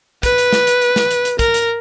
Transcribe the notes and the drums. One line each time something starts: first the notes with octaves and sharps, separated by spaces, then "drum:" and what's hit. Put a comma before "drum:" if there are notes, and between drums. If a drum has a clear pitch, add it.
B4, drum: kick, hi-hat
drum: hi-hat
drum: snare
drum: hi-hat
drum: hi-hat
drum: snare
drum: hi-hat
drum: hi-hat
A#4, drum: kick, hi-hat
drum: hi-hat